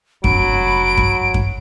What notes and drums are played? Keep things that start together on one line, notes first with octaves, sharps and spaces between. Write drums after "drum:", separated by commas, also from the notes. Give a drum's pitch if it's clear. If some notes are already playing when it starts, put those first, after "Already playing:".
F1 F#3 D4 B5 D7, drum: kick F#2
drum: kick F#2
drum: kick F#2